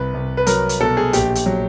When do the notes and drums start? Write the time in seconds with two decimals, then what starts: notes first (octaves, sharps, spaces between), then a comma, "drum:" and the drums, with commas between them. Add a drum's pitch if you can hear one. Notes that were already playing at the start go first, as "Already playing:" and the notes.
Already playing: C2 B4
0.14 C2
0.37 B4
0.47 F#3 A#4, drum: hi-hat
0.69 drum: hi-hat
0.81 B2 A4
0.97 G#4
1.13 A#1 G4, drum: hi-hat
1.35 drum: hi-hat
1.46 F#3